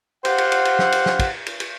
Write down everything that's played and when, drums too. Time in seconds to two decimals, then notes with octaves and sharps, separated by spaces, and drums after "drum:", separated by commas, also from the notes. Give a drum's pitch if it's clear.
0.25 G4 C5 F5 F#5, drum: cymbal
0.38 drum: cymbal
0.52 drum: cymbal
0.65 drum: cymbal
0.79 drum: snare
0.92 drum: cymbal
1.06 drum: snare
1.19 drum: kick, cymbal
1.46 drum: cymbal
1.60 drum: cymbal